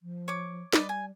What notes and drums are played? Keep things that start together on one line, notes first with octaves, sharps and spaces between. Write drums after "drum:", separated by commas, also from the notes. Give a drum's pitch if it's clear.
F3
C#5 D6
G3 B4 D5 D#5, drum: snare
G#5